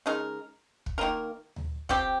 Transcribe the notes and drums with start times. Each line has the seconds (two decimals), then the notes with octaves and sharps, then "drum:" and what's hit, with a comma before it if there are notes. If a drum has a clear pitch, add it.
0.06 C#3 G#3 D#4 A#4
0.86 drum: kick
0.98 D#3 A#3 F4 A#4
1.56 drum: tom D2
1.89 F3 C4 G4, drum: kick